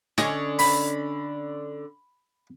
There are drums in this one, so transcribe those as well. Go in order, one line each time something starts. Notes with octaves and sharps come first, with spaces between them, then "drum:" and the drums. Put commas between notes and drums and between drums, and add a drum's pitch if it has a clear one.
D3 C#4 D#5, drum: snare
B5, drum: open hi-hat